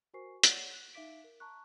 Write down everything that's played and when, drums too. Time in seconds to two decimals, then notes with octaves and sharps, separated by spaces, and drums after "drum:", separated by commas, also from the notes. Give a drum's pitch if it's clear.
0.14 F#4 A#4 C5 G#5 C#6 C7
0.43 C#5 D5 F#5, drum: hi-hat
0.73 F#6
0.94 D#4 E5 F5 D6 B6 D7
1.24 A#4
1.40 A5 A#5 C#6 F#6